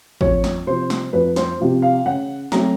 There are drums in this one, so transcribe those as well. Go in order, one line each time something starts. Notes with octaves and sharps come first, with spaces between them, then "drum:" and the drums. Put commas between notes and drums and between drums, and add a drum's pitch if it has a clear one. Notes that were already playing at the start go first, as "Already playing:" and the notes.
F2 C#5, drum: kick A1
drum: snare
C3 F3 C5
drum: snare
F2 B4
C5, drum: snare
C3 F3
F5
C#3 F#5
F#3 A3 C4 A#5, drum: snare